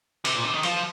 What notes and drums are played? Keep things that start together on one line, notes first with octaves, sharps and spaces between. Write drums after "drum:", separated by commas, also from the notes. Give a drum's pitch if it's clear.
C3, drum: cymbal
A#2
C3
D#3
F3, drum: cymbal